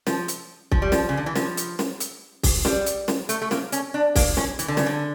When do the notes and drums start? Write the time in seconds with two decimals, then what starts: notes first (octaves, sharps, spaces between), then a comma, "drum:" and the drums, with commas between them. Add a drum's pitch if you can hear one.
0.07 F3, drum: snare
0.28 drum: hi-hat
0.71 F3, drum: kick
0.82 G3
0.92 F3, drum: snare
1.09 C#3
1.17 D3
1.26 E3
1.36 F3, drum: snare
1.57 drum: hi-hat
1.79 drum: snare
2.00 drum: hi-hat
2.43 drum: kick, open hi-hat
2.65 G3, drum: snare
2.86 drum: hi-hat
3.08 drum: snare
3.29 A3, drum: hi-hat
3.42 A3
3.51 A#3, drum: snare
3.72 C#4, drum: hi-hat
3.94 D4
4.15 A#3, drum: kick, open hi-hat
4.37 C#4, drum: snare
4.59 E3, drum: hi-hat
4.68 D3
4.77 C#3, drum: snare
4.86 D3